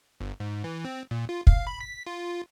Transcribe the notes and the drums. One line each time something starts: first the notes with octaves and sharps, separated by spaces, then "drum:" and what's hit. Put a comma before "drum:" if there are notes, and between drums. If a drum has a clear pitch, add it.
G1
G#2
E3
C4
A#2
F4
F5, drum: kick
B5
B6
F4